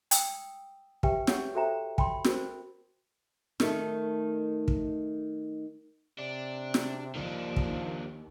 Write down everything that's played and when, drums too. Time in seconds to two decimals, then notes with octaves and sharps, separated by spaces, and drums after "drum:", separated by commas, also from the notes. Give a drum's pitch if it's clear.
0.11 G5 D#6 E6, drum: hi-hat
1.03 G4 B4 E5 G5, drum: kick
1.27 C#5 F#5 C#6, drum: snare
1.55 F#4 A4 C5 E5 G5 A#5
1.98 G5 B5 C6, drum: kick
2.25 F#4 A#4 C5, drum: snare
3.60 D#3 A3, drum: snare
4.68 drum: kick
6.18 C3 D4
6.74 drum: snare
7.15 D#2 D#3 F3 D4
7.56 drum: kick